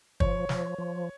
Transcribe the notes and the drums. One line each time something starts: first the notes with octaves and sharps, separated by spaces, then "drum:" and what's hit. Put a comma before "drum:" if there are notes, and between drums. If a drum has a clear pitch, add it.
F3 C#5, drum: kick
F3, drum: snare
F3